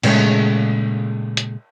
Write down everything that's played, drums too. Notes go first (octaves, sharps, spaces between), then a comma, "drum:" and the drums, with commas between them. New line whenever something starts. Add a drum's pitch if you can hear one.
A#2 C#3 F3 G#3 A3, drum: cymbal
drum: hi-hat